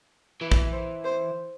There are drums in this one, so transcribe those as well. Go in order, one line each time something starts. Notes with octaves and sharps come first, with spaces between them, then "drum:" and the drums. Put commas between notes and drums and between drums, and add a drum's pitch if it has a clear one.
E3 B4
drum: kick
C5
C5